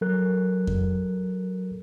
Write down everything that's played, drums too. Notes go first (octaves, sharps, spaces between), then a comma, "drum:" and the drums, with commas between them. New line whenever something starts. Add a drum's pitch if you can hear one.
F#3 A4 A#4 F#6
drum: kick F2